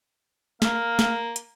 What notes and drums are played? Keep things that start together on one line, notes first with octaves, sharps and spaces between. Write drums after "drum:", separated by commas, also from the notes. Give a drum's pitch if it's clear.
A#3 F5, drum: snare
drum: snare
drum: hi-hat